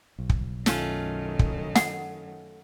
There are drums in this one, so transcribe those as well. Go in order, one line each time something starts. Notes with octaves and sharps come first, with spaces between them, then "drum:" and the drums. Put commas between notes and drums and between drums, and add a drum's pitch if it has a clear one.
B1
drum: kick
F#2 D#3 A3 C#4 F4, drum: snare
drum: kick
F#5, drum: snare